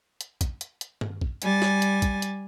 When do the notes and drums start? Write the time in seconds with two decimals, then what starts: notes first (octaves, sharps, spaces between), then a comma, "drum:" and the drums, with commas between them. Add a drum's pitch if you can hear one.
0.21 drum: hi-hat
0.41 drum: kick, hi-hat
0.61 drum: hi-hat
0.81 drum: hi-hat
1.01 drum: tom G2
1.21 drum: kick
1.42 G3 G#5 A6, drum: hi-hat
1.62 drum: snare
1.82 drum: hi-hat
2.02 drum: kick, hi-hat
2.22 drum: hi-hat